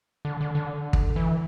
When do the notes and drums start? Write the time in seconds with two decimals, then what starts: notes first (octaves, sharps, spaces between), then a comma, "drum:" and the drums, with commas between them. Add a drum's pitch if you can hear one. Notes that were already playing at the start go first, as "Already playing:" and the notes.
0.25 D3
0.41 D3
0.55 D3
0.93 drum: kick
1.16 E3